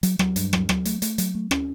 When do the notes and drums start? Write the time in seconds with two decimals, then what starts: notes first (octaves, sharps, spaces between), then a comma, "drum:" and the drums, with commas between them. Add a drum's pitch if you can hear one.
0.03 F#3, drum: hi-hat
0.19 F#3, drum: rim click
0.36 G2, drum: hi-hat
0.53 F#3, drum: rim click
0.69 F#3, drum: rim click
0.85 A3, drum: hi-hat
1.02 A3, drum: hi-hat
1.18 F#3, drum: hi-hat
1.35 A3
1.51 C#4, drum: rim click